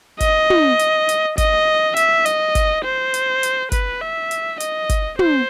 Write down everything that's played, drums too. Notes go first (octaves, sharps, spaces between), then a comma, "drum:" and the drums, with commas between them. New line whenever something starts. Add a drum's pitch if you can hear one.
D#5, drum: kick, hi-hat
drum: tom
drum: hi-hat
drum: hi-hat
D#5, drum: kick, hi-hat
E5, drum: hi-hat
D#5, drum: hi-hat
drum: kick, hi-hat
C5
drum: hi-hat
drum: hi-hat
B4, drum: kick, hi-hat
E5
drum: hi-hat
D#5, drum: hi-hat
drum: kick, hi-hat
C5, drum: tom